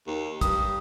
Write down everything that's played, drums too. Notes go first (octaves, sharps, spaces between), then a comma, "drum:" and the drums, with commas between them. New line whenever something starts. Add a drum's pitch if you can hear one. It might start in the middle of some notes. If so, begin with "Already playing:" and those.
D#2
G2 D#6, drum: kick, hi-hat